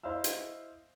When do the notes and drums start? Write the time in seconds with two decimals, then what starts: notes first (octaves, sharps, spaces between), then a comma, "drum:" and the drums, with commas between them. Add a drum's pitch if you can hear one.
0.03 E4 C5 D#5 F5 E6
0.24 drum: hi-hat